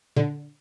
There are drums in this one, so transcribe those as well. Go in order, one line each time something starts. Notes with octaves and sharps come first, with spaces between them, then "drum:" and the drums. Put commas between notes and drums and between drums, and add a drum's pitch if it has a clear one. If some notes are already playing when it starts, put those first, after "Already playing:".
D3, drum: tom